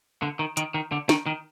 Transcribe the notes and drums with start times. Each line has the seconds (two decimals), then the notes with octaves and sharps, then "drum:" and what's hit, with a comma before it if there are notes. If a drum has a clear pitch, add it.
0.22 D3
0.39 D#3
0.57 D#3, drum: hi-hat
0.74 D#3
0.92 D3
1.09 D#3, drum: snare
1.26 D#3